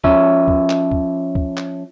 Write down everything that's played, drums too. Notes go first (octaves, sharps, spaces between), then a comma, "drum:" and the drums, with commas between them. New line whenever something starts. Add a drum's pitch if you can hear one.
F3 C#4 E5, drum: kick
drum: kick
drum: clap
drum: kick
drum: kick
drum: clap